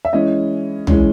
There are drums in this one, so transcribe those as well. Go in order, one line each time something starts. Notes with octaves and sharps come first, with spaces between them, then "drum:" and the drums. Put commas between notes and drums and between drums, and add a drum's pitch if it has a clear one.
E5
E3 G#3 C#4 D#5
E3 G#3 C#4, drum: tom B1